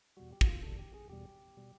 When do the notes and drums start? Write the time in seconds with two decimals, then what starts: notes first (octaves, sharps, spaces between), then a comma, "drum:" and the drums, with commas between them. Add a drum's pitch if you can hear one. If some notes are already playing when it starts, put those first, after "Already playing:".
0.17 E2 B2 G3 F#4
0.32 G4
0.41 F#4, drum: kick
0.47 F4
0.63 E2 B2 G3 A4
0.79 G4
0.94 G#4
1.09 E2 B2 G3 G4
1.57 B2 G3